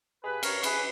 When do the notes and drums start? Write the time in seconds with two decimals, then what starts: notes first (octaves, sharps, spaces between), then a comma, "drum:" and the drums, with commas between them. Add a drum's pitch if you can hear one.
0.23 G2 G#4 B4
0.43 A#4 C#5, drum: cymbal
0.63 E3 G#4 B4, drum: cymbal